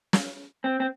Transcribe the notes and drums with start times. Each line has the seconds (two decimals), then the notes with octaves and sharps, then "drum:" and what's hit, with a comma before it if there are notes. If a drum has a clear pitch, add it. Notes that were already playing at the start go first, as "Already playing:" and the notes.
0.13 drum: snare
0.64 C4
0.80 C4